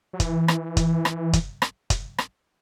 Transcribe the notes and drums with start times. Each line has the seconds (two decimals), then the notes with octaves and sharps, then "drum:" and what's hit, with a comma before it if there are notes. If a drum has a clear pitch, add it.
0.13 F#3
0.20 E3, drum: kick, hi-hat
0.48 drum: rim click
0.77 drum: kick, hi-hat
1.05 drum: rim click
1.33 drum: kick, hi-hat
1.62 drum: rim click
1.90 drum: kick, hi-hat
2.18 drum: rim click